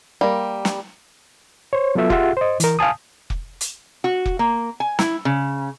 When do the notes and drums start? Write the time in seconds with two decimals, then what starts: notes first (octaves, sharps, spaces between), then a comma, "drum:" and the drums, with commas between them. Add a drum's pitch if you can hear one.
0.21 G3 A#3
0.65 drum: snare
1.73 C5 C#5
1.95 F#3 B3 F4 A4 E5
2.10 F4 G4 G#4 E5 F#5, drum: kick
2.37 C5 D#5
2.60 E3 A#4, drum: hi-hat
2.79 F5 G#5 A5 D#6
3.30 drum: kick
3.61 drum: hi-hat
4.04 F#4
4.26 drum: kick
4.39 A#3
4.80 G#5
4.99 E4, drum: snare
5.25 C#3